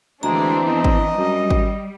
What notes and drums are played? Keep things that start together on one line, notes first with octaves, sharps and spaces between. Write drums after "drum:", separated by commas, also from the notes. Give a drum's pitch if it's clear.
D2 E3 G#3 C4 D4 A#5
E2 D#5
drum: kick G#1
F#2 G3
drum: kick G#1